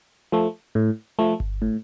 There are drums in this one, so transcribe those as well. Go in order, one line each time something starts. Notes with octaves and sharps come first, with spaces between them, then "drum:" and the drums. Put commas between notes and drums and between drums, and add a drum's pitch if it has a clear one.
F3 A3
A2
F3 A3
drum: kick G1
A2